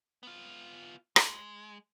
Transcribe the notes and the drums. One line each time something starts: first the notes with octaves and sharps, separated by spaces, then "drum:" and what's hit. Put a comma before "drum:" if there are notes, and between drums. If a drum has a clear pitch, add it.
B3 F4
G#3, drum: rim click